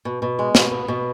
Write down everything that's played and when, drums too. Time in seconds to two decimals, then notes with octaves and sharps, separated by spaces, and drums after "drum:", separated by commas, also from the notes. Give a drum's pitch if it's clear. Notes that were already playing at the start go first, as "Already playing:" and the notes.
0.05 B2
0.22 B2
0.39 G#3
0.55 B2, drum: snare
0.71 B3
0.88 B2